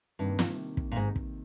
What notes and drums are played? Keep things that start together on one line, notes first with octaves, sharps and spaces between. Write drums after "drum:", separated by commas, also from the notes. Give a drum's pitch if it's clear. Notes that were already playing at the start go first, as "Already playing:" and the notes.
G2 C3 D#3 A#3
drum: snare
drum: kick
A#2
G#2
drum: kick